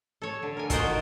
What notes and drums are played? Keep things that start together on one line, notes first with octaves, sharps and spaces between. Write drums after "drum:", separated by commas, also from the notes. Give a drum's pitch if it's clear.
A4 C#5
D3
A#4 G#5
F4 F#4 A#4 C5 D#5 G5, drum: kick, hi-hat
D#3